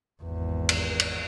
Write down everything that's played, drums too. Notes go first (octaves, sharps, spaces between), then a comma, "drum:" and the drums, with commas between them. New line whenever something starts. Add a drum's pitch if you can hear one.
G#1 E2
drum: cymbal
drum: cymbal